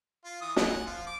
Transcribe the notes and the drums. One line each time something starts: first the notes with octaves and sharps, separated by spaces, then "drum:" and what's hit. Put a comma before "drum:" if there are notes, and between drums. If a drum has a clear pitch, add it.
F4
E3 D#6
F#5 G#5, drum: snare
F3 F4
D6